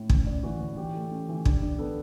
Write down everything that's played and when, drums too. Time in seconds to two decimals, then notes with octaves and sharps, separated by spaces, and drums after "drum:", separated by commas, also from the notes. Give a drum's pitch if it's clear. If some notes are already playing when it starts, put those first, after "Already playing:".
Already playing: A2
0.10 C#4, drum: kick
0.26 C#4 D5
0.43 E3 F#4
0.60 E3
0.77 E3 G4
0.94 A3
1.11 C#4
1.29 E3
1.45 D4, drum: kick
1.62 D4
1.79 B3 A4